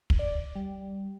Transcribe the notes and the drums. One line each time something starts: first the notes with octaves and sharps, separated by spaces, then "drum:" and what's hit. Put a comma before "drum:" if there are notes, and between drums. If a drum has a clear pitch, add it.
drum: kick
D5
G3